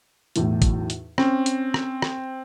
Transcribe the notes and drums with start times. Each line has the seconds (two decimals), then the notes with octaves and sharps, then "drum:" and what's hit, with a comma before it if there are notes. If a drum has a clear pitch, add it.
0.36 B1 E2 A2, drum: hi-hat
0.62 drum: kick G#1, hi-hat
0.90 drum: hi-hat
1.18 C4 C#4, drum: rim click
1.46 drum: hi-hat
1.74 drum: rim click
2.02 drum: rim click